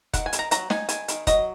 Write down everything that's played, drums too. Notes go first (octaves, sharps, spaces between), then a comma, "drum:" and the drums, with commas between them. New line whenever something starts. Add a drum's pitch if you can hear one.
D#3 F#5, drum: kick E1, hi-hat
G#5
D#3, drum: hi-hat
A#5
F#3 A#5, drum: hi-hat
D#4 G#5, drum: snare
D#3 G#5, drum: hi-hat
D#3, drum: hi-hat
F#3 D#5, drum: kick E1, hi-hat